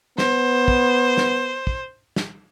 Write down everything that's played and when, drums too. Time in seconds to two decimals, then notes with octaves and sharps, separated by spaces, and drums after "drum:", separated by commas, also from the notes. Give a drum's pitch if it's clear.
0.18 B3 C5, drum: snare
0.68 drum: kick
1.17 drum: snare
1.67 drum: kick
2.16 drum: snare